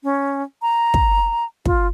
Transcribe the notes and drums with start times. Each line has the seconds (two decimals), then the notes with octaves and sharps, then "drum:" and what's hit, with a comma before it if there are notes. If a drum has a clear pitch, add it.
0.03 C#4
0.62 A#5
0.94 drum: kick
1.65 F4, drum: kick